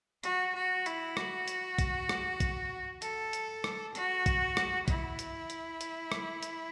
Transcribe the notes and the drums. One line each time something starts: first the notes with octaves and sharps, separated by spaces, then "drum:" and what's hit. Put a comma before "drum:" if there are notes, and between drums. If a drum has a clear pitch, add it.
F#4, drum: hi-hat
F#4
E4, drum: hi-hat
F#4, drum: rim click
drum: hi-hat
drum: kick, hi-hat
drum: rim click
drum: kick, hi-hat
A4, drum: hi-hat
drum: hi-hat
drum: rim click
F#4, drum: hi-hat
drum: kick, hi-hat
drum: rim click
E4, drum: kick, hi-hat
drum: hi-hat
drum: hi-hat
drum: hi-hat
drum: rim click
drum: hi-hat